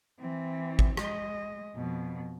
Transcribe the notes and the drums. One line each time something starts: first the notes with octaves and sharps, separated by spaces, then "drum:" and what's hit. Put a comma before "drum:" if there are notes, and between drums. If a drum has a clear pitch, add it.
E3 C4
drum: kick G#1
G#3 D#5, drum: rim click
F2 B2